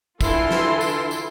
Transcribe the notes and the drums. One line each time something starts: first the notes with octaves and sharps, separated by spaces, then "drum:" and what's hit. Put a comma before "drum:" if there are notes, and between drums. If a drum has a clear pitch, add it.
D3 E3 E4 F4 A4 C6, drum: kick, tambourine
drum: snare
drum: tambourine
drum: tambourine